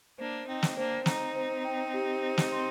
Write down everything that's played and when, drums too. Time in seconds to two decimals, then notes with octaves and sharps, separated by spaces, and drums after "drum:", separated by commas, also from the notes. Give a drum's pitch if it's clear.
0.18 A#3 D4 C5
0.48 C4 D#4 G5
0.63 drum: snare
0.77 A#3 D4 C5
1.06 C4 D#4 A#5, drum: snare
1.36 C5
1.65 G5
1.94 G4
2.23 C5
2.38 drum: snare
2.52 C6